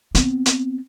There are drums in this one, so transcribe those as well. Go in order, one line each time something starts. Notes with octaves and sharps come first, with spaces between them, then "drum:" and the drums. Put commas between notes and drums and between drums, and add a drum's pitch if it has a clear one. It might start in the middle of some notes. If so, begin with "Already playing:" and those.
B3 C4, drum: hi-hat
drum: hi-hat